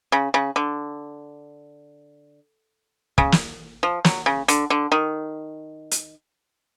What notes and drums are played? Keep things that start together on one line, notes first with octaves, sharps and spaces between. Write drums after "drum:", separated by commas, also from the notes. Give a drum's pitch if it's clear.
C#3
C#3
D3
C#3, drum: kick
drum: snare
F3
F#3, drum: snare
C#3
D3, drum: hi-hat
D3
D#3
drum: hi-hat